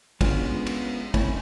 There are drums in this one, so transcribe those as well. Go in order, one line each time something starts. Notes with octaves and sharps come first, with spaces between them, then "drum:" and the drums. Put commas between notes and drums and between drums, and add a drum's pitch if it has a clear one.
G#3 B3 C#4 D4 F4, drum: kick, cymbal
drum: cymbal
A3 C4 C#4 E4, drum: kick, cymbal